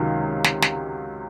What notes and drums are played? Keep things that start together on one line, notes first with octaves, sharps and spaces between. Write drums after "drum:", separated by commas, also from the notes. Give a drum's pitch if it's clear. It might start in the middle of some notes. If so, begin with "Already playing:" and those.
Already playing: C#2 C3 D#3 F#3
drum: snare
drum: snare